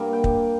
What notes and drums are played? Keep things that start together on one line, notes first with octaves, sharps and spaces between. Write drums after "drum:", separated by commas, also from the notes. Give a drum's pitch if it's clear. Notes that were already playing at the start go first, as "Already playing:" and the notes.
Already playing: G2 G3 A#3
G5
drum: kick